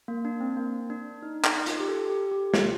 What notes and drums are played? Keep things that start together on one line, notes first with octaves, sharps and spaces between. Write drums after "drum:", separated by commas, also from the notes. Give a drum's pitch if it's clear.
A#3
D4
C4
A#3
D4
D#4
D#4, drum: clap
F4, drum: hi-hat
G4
A4
G4
G4
F4, drum: snare